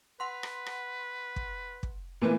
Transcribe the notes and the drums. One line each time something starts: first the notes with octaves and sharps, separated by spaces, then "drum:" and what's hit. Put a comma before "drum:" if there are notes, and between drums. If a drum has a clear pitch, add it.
B4 F#5 C6
drum: rim click
drum: rim click
drum: kick
drum: kick
A#2 E3 A3 B3 B4